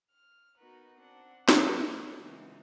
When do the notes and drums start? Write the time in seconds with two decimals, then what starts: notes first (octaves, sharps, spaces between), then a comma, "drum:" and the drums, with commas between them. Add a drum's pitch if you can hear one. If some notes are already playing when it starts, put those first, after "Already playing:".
0.11 F6
0.57 B3 D#4 F#4 A#4 B4
0.99 C4 D4 F#5
1.49 drum: snare
1.62 D#5
2.16 C#3 E3 G#3 A#3 B3 D#4